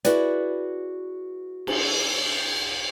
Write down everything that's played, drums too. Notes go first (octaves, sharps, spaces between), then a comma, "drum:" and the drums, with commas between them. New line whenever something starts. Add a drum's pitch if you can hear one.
E4 F#4 G#4 B4 D5, drum: hi-hat
drum: cymbal